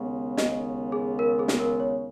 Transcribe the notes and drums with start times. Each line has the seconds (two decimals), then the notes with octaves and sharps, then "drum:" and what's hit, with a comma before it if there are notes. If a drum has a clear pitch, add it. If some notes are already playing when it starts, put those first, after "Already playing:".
Already playing: D#2 C#3 G#3 B3
0.37 D#5, drum: snare
0.92 G#4
1.19 A#4
1.39 G#4
1.48 drum: snare
1.59 A#4
1.80 C#5